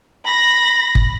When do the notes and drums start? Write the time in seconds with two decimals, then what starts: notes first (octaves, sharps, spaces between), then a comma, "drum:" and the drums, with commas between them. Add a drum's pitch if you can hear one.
0.25 B5 A#6
0.95 drum: kick